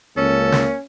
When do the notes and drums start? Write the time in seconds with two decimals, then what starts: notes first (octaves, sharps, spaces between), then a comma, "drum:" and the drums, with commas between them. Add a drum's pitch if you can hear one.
0.17 C#2 A#3 C#4 A4
0.52 drum: snare